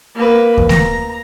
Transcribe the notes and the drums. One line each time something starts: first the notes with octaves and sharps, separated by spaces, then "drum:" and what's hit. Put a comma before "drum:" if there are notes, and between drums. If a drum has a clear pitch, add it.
A#3 B4
drum: kick D#2
A#5, drum: snare A3